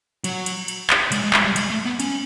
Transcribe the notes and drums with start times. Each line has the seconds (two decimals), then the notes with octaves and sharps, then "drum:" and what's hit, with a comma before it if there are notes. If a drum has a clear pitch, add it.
0.24 F#3, drum: cymbal
0.46 drum: cymbal
0.68 drum: cymbal
0.90 drum: clap
1.12 G#3, drum: cymbal
1.23 G#3
1.33 G#3, drum: clap
1.44 G3
1.56 G#3, drum: cymbal
1.70 A3
1.85 B3
2.00 C#4, drum: cymbal